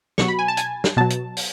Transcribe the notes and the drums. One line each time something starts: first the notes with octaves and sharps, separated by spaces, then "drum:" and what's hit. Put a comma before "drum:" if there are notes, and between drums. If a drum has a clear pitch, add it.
B2 F#3 C#6, drum: snare
B5
G#5
A5
G#5, drum: hi-hat
drum: snare
B2 F#3 A5
drum: hi-hat
drum: open hi-hat